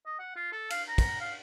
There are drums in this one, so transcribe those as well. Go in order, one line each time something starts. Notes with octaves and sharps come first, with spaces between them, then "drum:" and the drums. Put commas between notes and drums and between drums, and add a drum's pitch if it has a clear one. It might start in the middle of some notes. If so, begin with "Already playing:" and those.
D#5
F#5
F4
A4
F5, drum: cymbal
A#5
drum: kick, cymbal
F5